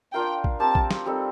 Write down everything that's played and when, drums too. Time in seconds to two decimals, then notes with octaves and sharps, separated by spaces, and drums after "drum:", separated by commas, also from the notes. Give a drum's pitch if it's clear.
0.13 D4 F4 A#4 F5 G5
0.44 drum: kick A#1
0.59 C4 G4 A#4 A5
0.75 drum: kick A#1
0.91 drum: snare
1.06 G3 C4 D#4 A4